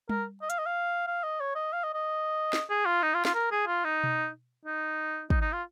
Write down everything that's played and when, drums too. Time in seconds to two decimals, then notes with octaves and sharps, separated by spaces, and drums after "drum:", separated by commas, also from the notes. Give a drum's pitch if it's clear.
0.09 A#4, drum: tom G3
0.42 D#5
0.50 F5, drum: hi-hat
0.59 D#5
0.66 F5
1.07 F5
1.23 D#5
1.40 C#5
1.55 D#5
1.73 F5
1.84 D#5
1.94 D#5
2.53 drum: snare
2.70 G#4
2.86 F4
3.03 D#4
3.14 F4
3.25 F4, drum: snare
3.35 A#4
3.51 G#4
3.67 F4
3.84 D#4
4.04 drum: tom B2
4.65 D#4
5.30 D#4, drum: kick
5.41 D#4
5.53 F4